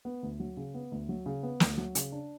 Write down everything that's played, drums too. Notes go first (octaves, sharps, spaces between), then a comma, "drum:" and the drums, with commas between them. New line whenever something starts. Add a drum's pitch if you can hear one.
B3
D2
F#3
C#3
B3
D2
F#3
C#3
B3
D2, drum: snare
F#3
C#3, drum: hi-hat
D4